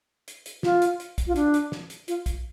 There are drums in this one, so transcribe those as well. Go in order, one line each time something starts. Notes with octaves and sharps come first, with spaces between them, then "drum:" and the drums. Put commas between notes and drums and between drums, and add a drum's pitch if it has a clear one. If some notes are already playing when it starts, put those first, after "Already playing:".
drum: hi-hat
drum: hi-hat
F4, drum: snare
drum: hi-hat
drum: hi-hat
drum: kick, hi-hat
F4
D4, drum: hi-hat
drum: hi-hat
drum: snare
drum: hi-hat
F4, drum: hi-hat
drum: kick, hi-hat